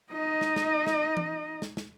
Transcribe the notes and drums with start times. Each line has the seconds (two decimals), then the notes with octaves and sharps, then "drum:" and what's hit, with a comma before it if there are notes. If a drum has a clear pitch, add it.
0.11 D#4 D#5
0.41 drum: snare
0.56 drum: snare
0.87 drum: snare
1.17 drum: tom E3
1.62 drum: snare
1.77 drum: snare